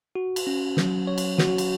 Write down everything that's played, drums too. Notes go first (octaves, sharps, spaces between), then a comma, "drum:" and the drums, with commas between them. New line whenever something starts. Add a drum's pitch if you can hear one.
F#4
drum: cymbal
C#4
F#3, drum: snare
C#5
drum: cymbal
F#4, drum: snare
drum: cymbal